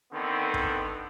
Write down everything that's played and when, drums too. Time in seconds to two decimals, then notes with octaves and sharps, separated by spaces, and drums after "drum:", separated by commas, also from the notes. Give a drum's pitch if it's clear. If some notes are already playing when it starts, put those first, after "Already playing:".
0.11 D3 D#3 B3 C4
0.54 drum: kick